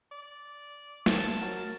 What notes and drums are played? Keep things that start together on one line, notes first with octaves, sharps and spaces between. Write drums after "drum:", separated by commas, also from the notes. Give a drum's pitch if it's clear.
D5
A5, drum: snare
F#3 A#4